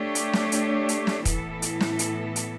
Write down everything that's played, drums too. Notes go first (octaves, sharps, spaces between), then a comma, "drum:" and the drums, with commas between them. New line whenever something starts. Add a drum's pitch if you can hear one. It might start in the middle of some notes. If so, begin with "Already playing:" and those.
Already playing: A3 D4 G4 C#5
drum: hi-hat
drum: snare
drum: hi-hat
drum: hi-hat
drum: snare
A2 E3 B3 E4 A4, drum: kick, hi-hat
drum: hi-hat
drum: snare
drum: hi-hat
drum: hi-hat